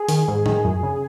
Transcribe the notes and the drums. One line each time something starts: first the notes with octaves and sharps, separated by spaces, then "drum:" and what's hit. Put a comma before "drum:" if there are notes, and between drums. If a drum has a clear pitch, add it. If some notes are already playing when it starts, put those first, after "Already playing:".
Already playing: G#4
D#3, drum: hi-hat
G#2
D#3, drum: tom
F#2
C#3